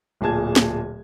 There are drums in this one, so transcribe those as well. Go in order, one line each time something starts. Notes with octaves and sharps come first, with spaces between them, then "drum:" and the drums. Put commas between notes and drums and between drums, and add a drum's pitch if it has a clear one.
D1 A#2 G#4 A5 G#6
drum: snare